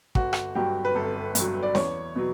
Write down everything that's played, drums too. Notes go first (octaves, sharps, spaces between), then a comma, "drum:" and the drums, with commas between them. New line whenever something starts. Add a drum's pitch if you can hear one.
G1 F#4, drum: kick
drum: rim click
G2 F#3 G4
B4
G1 A4
G2 F#3, drum: hi-hat
D5
E2 C#5, drum: snare C#4
B2 F#3